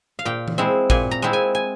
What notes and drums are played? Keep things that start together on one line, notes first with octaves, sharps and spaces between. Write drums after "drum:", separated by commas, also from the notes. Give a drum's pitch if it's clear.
F5
A#2 G5
drum: tom E3
G#3 C4 E4
A#2 G#5, drum: kick
A#5
G#3 C4 E4
G#5
G#5